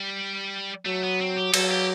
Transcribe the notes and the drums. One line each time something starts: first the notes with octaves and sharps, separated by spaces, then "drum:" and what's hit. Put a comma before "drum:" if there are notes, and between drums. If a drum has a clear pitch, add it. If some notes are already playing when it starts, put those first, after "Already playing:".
Already playing: G3
F#3 A3
B3
C4
G4
F#3 A4, drum: cymbal
G4